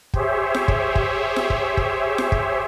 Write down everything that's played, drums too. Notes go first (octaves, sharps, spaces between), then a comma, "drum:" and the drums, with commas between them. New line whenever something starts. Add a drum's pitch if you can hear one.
G4 G#4 C5 C#5 E5, drum: kick
drum: snare F4
drum: kick
drum: kick
drum: snare F4
drum: kick
drum: kick
drum: snare F4
drum: kick